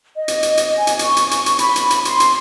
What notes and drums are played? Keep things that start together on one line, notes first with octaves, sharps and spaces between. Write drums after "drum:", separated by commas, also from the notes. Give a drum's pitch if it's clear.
D#5
drum: hi-hat
drum: hi-hat
drum: hi-hat
G#5
drum: hi-hat
C#6, drum: hi-hat
drum: hi-hat
drum: hi-hat
drum: hi-hat
B5, drum: hi-hat
drum: hi-hat
drum: hi-hat
C6, drum: hi-hat
drum: hi-hat